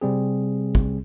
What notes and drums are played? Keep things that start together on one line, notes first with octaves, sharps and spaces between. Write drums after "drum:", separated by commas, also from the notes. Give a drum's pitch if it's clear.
C3 G3 C4 G#4
drum: kick